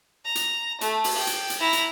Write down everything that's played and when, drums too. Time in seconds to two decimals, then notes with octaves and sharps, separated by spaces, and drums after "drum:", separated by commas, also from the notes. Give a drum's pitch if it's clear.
0.25 A#5
0.35 drum: hi-hat
0.81 A3, drum: hi-hat
1.04 drum: open hi-hat
1.18 G5
1.27 drum: hi-hat
1.50 drum: hi-hat
1.60 E4 A#5
1.73 drum: hi-hat